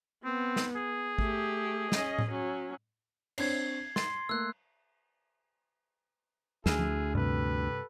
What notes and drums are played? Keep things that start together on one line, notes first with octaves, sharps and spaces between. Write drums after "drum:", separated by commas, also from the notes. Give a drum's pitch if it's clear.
B3 C4
drum: snare
G#4
A3 G4, drum: kick A1
C#4 D#5, drum: snare
drum: tom A2
F#3 C#4
C4 D4 C#5 G#6 C7, drum: cymbal
C6 A6 C7, drum: snare
A3 A#3 E6 F#6
D2 E4 G#4, drum: snare
drum: tom F3
G2 C3 G4 A4 B4